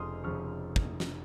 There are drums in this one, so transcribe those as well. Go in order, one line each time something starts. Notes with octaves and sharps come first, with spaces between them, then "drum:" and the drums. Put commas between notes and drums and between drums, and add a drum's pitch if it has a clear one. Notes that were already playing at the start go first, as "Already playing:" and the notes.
Already playing: F1 F2 C#3 F3 C6 D#6 F6
F1 F2 C#3 F3 C#6 F6
drum: kick
drum: snare